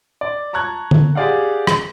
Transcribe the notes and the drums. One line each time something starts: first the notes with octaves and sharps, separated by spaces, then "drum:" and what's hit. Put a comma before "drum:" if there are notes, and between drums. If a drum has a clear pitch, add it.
D5
A5 A#5 C#6 F#6 G#6
drum: tom
G4 G#4 D5 F5 F#5
drum: rim click